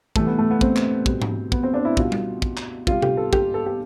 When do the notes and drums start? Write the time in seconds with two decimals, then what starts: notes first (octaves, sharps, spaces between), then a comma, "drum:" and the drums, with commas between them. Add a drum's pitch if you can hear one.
0.16 C3 E3 G3 A3, drum: kick
0.27 B3
0.38 A3
0.51 B3
0.61 C4, drum: kick
0.76 drum: clap
1.06 B2 G3, drum: kick
1.22 drum: tom G#2
1.52 B3, drum: kick
1.63 C4
1.74 D4
1.85 E4
1.97 B2 G3 F4, drum: kick
2.12 drum: tom G3
2.42 drum: kick
2.57 drum: clap
2.87 C3 G3 F4, drum: kick
3.02 G4, drum: tom C3
3.17 A4
3.33 G4, drum: kick
3.54 A4
3.66 G4